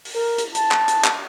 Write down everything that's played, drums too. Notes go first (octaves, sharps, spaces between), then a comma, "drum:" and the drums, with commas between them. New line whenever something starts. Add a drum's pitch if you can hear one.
drum: open hi-hat
A#4
drum: hi-hat
A5, drum: hi-hat
drum: clap
drum: hi-hat
drum: clap